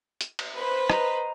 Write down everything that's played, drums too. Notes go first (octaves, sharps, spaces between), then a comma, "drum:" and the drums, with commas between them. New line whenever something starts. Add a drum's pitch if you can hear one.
drum: hi-hat
drum: cymbal
B4 C5
D#5 A#5, drum: rim click